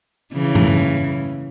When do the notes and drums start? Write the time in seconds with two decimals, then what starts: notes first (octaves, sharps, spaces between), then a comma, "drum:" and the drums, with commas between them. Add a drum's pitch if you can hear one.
0.33 C#3 E3
0.55 drum: tom G2